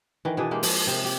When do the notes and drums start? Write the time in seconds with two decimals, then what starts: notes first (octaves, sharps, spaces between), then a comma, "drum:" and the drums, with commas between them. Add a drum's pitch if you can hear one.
0.25 D#3 E3
0.37 B2 E3 D4 G#4
0.51 G#3 A#3 G4
0.63 F3, drum: open hi-hat
0.87 C3
1.04 G4